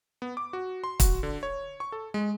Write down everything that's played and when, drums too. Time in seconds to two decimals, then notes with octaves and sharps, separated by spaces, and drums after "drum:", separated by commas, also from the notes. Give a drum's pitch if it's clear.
0.22 B3
0.37 D6
0.53 F#4
0.84 C6
1.00 F#4, drum: kick, hi-hat
1.23 D3
1.43 C#5
1.80 C#6
1.92 A4
2.14 G#3